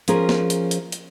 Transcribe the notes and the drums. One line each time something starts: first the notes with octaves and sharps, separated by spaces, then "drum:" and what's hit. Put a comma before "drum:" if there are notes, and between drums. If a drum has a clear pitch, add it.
F3 C#4 G#4 A#4, drum: hi-hat
drum: snare
drum: hi-hat
drum: hi-hat
drum: hi-hat